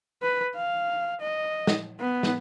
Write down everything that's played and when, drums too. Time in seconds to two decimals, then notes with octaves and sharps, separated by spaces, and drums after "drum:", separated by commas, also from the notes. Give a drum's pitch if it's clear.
0.22 B4
0.56 F5
1.21 D#5
1.67 drum: snare
2.00 B3
2.23 drum: snare